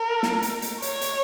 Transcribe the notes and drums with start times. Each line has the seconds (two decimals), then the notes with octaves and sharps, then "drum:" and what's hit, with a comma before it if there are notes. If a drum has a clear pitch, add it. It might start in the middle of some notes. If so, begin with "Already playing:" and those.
Already playing: A#4
0.23 drum: snare
0.42 drum: hi-hat
0.62 drum: hi-hat
0.82 C#5, drum: hi-hat
1.01 drum: hi-hat